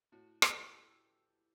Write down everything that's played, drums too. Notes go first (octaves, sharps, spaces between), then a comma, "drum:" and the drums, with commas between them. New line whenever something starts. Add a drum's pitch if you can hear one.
A2 F#4
G4, drum: rim click
E3
A4